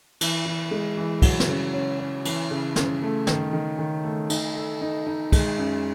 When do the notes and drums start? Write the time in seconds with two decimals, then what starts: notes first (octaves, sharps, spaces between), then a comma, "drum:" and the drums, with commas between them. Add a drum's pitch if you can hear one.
0.21 E3, drum: cymbal
0.46 E3
0.71 G#3
0.97 E3
1.22 F#3, drum: kick, cymbal
1.40 drum: snare
1.49 C#3
1.73 C#4
2.00 C#4
2.25 E3, drum: cymbal
2.51 C#3
2.76 C#3, drum: snare
3.02 A3
3.27 D#3, drum: snare
3.53 D#3
3.79 D#3
4.04 A3
4.30 D#4, drum: cymbal
4.55 A4
4.82 D#4
5.07 D#4
5.32 G#3, drum: kick, cymbal
5.58 F#2